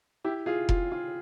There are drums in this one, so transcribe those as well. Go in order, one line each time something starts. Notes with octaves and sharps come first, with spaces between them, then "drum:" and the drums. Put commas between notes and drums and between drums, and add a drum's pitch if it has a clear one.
E4 G4
F4 G#4
F4, drum: kick F1
F4